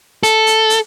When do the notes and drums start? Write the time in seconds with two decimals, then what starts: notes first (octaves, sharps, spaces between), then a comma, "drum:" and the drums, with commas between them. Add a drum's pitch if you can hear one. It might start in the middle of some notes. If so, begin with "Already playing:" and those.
0.23 A4, drum: hi-hat
0.47 drum: hi-hat
0.70 drum: hi-hat